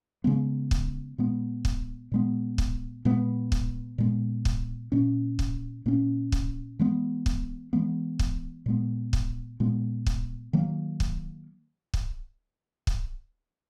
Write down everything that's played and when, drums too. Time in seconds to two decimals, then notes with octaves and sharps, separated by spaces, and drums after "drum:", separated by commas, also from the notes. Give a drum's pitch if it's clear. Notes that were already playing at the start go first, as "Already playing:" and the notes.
0.24 C#3 G#3 B3
0.71 drum: kick
1.18 A#2 G#3 B3
1.65 drum: kick
2.12 A#2 G#3 B3
2.58 drum: kick
3.05 A#2 G#3 B3
3.52 drum: kick
3.98 A#2 G#3 B3
4.45 drum: kick
4.92 A#2 A#3 C#4
5.39 drum: kick
5.86 A#2 A#3 C#4
6.32 drum: kick
6.79 E3 G#3 B3
7.26 drum: kick
7.73 E3 G#3 B3
8.19 drum: kick
8.66 A#2 G#3 B3
9.13 drum: kick
9.60 A#2 G#3 B3
10.06 drum: kick
10.53 D#3 F#3 A#3
11.00 drum: kick
11.94 drum: kick
12.87 drum: kick